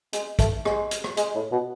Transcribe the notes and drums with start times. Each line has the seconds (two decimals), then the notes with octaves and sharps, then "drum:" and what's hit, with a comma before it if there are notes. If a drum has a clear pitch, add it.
0.13 G#3, drum: hi-hat
0.39 A3, drum: kick, hi-hat
0.65 G#3, drum: rim click
0.91 drum: hi-hat
1.04 drum: rim click
1.17 G#3, drum: hi-hat
1.35 A2
1.52 B2